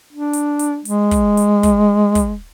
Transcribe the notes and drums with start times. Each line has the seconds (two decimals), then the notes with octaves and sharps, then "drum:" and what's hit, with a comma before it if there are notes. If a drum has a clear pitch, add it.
0.13 D4
0.33 drum: hi-hat
0.59 drum: hi-hat
0.85 G#3, drum: hi-hat
1.11 drum: kick, hi-hat
1.37 drum: hi-hat
1.63 drum: kick, hi-hat
2.15 drum: kick, hi-hat